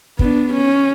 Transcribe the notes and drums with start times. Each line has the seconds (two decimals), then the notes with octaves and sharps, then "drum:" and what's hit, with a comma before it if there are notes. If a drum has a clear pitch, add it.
0.19 B3 D4, drum: kick
0.53 C#4